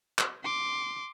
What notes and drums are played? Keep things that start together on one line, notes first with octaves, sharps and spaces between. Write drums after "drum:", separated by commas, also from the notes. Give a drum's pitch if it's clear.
drum: clap
C6 D6